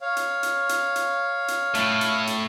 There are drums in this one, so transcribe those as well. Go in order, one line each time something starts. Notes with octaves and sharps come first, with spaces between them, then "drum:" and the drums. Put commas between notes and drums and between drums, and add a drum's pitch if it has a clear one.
C#5 F5
drum: hi-hat
drum: hi-hat
drum: hi-hat
drum: hi-hat
drum: hi-hat
A2, drum: hi-hat
drum: hi-hat
drum: hi-hat